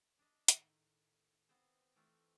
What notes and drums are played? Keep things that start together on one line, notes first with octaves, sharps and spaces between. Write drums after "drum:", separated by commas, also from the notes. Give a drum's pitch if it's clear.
D4 D#5
A2 D#3, drum: hi-hat
B3 C4 C5
E3 A3 C4 F4